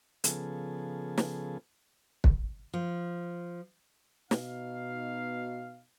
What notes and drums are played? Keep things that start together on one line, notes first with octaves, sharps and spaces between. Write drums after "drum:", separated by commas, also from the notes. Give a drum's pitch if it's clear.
C#3 F3 B3 G#4 A4, drum: hi-hat
drum: snare
drum: kick
F3
B2 D#4 F5, drum: snare